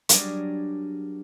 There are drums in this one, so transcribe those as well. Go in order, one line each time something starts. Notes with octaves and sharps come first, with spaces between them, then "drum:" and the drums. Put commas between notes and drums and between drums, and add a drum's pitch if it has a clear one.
F#3 G3 D4 G#4 A#4, drum: hi-hat